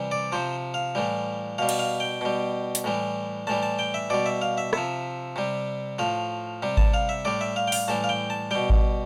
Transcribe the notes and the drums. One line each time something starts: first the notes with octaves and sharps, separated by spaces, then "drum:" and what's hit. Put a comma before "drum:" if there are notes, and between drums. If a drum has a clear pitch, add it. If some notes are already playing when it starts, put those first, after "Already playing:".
Already playing: C3 E3 G3
D5
C3 F3 C5
F5
A2 E3 G3
B2 G3 F5
drum: cymbal
F5
G5
B2 G3
drum: hi-hat
A2 E3 G3
A2 E3 G3 A5
A5
G5
E5
B2 G3 D5
E5
F5
E5
C3 F3 E5, drum: rim click
C3 G3
A2 F3 F5
C3 G3
A5, drum: kick G#1
F5
E5
A2 G3 D5
E5
F5
G5
F5, drum: open hi-hat
A2 E3 G3 A5
F5
G5
A5
B2 G3 G5
drum: kick G#1